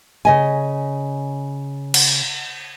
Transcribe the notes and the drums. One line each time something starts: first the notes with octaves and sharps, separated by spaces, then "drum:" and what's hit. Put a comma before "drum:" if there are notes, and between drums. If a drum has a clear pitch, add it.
C#3 D#5 G#5
drum: cymbal